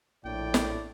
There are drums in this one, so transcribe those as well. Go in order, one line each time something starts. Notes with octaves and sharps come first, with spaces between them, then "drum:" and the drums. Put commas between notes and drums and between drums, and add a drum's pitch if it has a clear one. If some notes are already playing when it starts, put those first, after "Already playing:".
A#1 A2 D5 G5
drum: snare